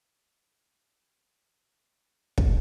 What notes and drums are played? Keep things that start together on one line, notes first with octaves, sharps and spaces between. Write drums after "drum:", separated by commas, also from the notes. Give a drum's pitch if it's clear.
C#5
D#5 F5 F#5 G#5 A#5 B5
drum: kick